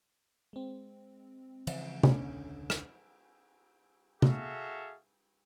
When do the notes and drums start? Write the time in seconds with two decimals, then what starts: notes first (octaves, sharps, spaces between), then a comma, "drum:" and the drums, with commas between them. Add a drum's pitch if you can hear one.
0.53 G#3 C4
1.67 C#3 E3 F3, drum: cymbal
2.03 E1 C#2 D3 C#4, drum: tom C3
2.70 drum: rim click
4.22 F#4 G#4 A4 E5 F5, drum: tom C3